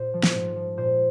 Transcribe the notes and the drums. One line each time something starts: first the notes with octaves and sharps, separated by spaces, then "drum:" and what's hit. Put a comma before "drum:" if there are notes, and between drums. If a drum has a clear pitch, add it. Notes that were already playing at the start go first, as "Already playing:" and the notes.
Already playing: A#2 C5
F3
drum: snare
G#2
F3
A#2 C5